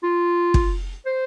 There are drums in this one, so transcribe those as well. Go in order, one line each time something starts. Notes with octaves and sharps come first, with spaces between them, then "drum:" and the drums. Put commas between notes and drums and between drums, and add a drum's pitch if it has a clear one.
F4
drum: kick
C5